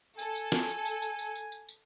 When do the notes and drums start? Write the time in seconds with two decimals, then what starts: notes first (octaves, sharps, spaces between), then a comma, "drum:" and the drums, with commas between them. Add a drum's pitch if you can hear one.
0.19 A4 G#5, drum: tambourine
0.35 drum: tambourine
0.52 drum: snare
0.69 drum: tambourine
0.85 drum: tambourine
1.02 drum: tambourine
1.19 drum: tambourine
1.35 drum: tambourine
1.52 drum: tambourine
1.69 drum: tambourine